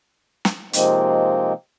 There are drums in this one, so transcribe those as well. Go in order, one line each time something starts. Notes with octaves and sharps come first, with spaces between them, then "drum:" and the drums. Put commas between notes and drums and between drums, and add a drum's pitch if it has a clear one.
drum: snare
C3 F3 G#3 A#3 C4 D#4, drum: hi-hat